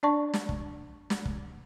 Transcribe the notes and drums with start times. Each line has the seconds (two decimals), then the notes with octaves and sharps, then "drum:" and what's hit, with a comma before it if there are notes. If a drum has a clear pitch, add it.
0.03 D4 D5 A5 C#6
0.34 drum: snare
0.49 drum: kick
1.10 drum: snare
1.25 drum: kick